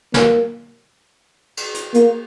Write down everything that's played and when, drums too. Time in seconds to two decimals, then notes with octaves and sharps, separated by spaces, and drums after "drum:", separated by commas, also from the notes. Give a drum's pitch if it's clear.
0.14 A#3, drum: snare
1.57 drum: cymbal
1.74 drum: hi-hat
1.94 A#3, drum: hi-hat